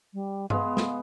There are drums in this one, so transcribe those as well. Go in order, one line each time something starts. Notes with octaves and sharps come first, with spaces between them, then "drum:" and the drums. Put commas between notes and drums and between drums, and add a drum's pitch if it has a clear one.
G3
G#3 B3 F5, drum: tom G2
drum: snare